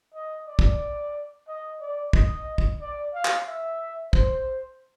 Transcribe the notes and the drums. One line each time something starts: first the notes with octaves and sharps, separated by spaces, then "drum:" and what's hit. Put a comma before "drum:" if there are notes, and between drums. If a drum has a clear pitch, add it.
D#5
D5
drum: kick
D#5
D5
D#5, drum: kick
drum: kick
D5
F5
drum: clap
E5
C5, drum: kick